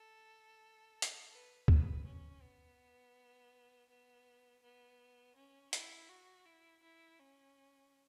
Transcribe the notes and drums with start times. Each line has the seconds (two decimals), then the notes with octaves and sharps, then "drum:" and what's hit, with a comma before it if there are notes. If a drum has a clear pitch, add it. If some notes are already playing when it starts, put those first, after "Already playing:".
Already playing: A4
1.02 drum: hi-hat
1.32 B4
1.68 B4, drum: kick
2.05 C#4
2.42 B3
3.89 B3
4.63 B3
5.36 C#4
5.73 E4, drum: hi-hat
6.09 F#4
6.46 E4
6.83 E4
7.19 C#4